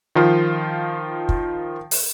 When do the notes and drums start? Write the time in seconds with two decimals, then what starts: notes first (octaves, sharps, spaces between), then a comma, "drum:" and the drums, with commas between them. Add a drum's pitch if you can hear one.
0.15 D#3 F3 F4
1.29 drum: kick
1.91 drum: open hi-hat